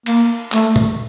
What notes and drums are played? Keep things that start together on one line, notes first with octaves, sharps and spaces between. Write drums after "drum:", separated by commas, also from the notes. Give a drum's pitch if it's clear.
A#3, drum: cymbal
A3, drum: clap
drum: tom